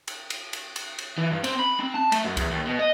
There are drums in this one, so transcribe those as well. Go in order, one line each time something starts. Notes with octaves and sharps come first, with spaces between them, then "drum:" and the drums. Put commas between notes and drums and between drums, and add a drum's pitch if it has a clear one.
drum: cymbal
drum: cymbal
drum: cymbal
drum: cymbal
drum: cymbal
E3
G2
C4, drum: cymbal
B5
C4
A5
A3, drum: cymbal
F#2
E2, drum: kick C2, cymbal
D#2
B2
D#5